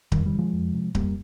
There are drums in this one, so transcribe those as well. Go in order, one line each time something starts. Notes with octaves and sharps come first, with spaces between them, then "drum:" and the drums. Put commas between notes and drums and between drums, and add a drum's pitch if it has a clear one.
F2 D#3 G3, drum: kick D1
D#3 G3
C3
F3 G#3
F2
C3
F2 G3 A#3, drum: kick D1